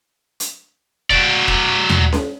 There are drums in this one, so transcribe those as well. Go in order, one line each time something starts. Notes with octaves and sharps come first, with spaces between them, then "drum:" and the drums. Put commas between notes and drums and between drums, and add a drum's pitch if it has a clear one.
drum: hi-hat
F#3 D5, drum: kick
drum: kick
drum: tom D#2
drum: snare C#4